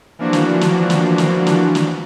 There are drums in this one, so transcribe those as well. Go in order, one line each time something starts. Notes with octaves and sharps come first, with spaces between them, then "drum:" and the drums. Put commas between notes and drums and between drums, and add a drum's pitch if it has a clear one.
E3 F3 A#3 D4 F#4
drum: snare
drum: snare
drum: snare
drum: snare
drum: snare
drum: snare